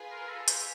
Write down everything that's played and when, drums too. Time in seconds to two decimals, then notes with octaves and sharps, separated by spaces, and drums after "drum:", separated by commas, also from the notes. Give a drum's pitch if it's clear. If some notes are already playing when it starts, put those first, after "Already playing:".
Already playing: F4 G#4 B4
0.11 A#4
0.29 A4
0.48 G4, drum: hi-hat